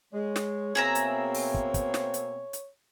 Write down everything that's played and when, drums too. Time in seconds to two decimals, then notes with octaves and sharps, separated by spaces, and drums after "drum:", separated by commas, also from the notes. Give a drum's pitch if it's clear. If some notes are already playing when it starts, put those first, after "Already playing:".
0.14 G#3 C#5
0.36 drum: snare
0.75 B2 A#3 C4 G#4 E5 A#5
0.95 drum: hi-hat
1.35 drum: open hi-hat
1.54 drum: kick
1.74 drum: kick, hi-hat
1.94 drum: snare
2.14 drum: hi-hat
2.53 drum: hi-hat